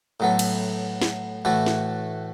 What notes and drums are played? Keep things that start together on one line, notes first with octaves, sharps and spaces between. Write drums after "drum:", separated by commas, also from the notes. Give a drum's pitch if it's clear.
A2 F#3 B3 A4
drum: cymbal
drum: snare
A2 E3 A3 F#4 A4
drum: snare